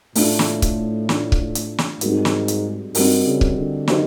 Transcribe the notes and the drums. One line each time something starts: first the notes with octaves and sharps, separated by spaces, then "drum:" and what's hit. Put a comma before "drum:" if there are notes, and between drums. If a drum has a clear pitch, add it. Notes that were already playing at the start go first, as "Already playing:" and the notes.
A2 A3 D4 F4, drum: open hi-hat
drum: snare
drum: kick C#1, hi-hat
A3 D4 F4, drum: snare
drum: kick C#1
drum: hi-hat
drum: snare
G#2 G3 C4 D#4 F#4 A#4, drum: hi-hat
drum: snare
drum: hi-hat
G2 G3 C4 D#4 F#4 A#4, drum: open hi-hat
C#3
drum: kick C#1
D3
F#3 A#3 D#4 G4 C5, drum: snare